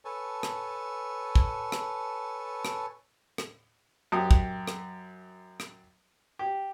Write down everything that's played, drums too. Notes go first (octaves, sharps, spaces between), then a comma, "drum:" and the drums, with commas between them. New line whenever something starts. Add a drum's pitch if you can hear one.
A4 B4 C#5 G#5 A5
drum: rim click
drum: kick
drum: rim click
drum: rim click
drum: rim click
F#2 G4 D#6
drum: kick
drum: rim click
drum: rim click
G4